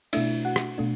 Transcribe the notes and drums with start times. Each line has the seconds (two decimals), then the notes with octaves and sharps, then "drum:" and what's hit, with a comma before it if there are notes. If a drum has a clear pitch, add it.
0.13 B2 A3 D4 E4 E5, drum: cymbal
0.45 F#4 F#5
0.56 drum: rim click
0.78 B2 A3 D4